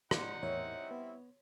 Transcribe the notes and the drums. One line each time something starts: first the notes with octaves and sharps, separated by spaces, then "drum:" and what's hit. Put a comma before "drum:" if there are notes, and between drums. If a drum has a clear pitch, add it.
G#2 D#4 D5 F#5, drum: rim click
E2 A2 G3 C4 E4 A#4 C#5
B3